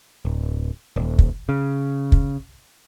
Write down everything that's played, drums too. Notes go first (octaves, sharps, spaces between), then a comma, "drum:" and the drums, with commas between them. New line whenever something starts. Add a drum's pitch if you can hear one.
D1
D#1
drum: kick
C#3
drum: kick